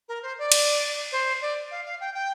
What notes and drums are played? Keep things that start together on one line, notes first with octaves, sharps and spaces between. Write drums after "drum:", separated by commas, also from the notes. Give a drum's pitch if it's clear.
A#4
C5
D5
drum: cymbal
C5
D5
F5
F5
G5
G5